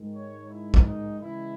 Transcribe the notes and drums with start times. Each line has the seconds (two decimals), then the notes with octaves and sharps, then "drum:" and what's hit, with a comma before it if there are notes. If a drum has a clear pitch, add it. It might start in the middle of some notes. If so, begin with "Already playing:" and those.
Already playing: G#2 D#3 G#3
0.16 C#5
0.50 E4
0.74 drum: kick
0.85 D#4
1.20 C#3 E3 G#3 E4